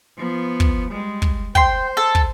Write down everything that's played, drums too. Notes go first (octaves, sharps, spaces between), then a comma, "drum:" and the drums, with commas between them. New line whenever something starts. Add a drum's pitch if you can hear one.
F3 B3
drum: kick
G3 G#3
drum: kick
C5 G5 C6, drum: kick
A4
drum: kick